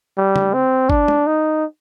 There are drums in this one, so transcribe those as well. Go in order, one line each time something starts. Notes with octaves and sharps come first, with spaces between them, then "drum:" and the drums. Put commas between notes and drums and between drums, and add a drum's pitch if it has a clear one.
G3
drum: tom
C4
D4, drum: kick G1
drum: tom
D#4